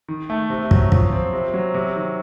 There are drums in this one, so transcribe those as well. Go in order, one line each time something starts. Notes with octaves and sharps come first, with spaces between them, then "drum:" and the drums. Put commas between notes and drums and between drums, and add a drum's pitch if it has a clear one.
D#3
A3
C3
F#3, drum: kick
F3, drum: kick
C4
C3
F#3
C3
D#3